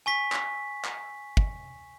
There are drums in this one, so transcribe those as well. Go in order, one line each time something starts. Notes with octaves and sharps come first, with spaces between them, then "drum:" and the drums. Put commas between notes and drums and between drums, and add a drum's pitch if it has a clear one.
G#5 C#6 B6
drum: clap
drum: clap
drum: kick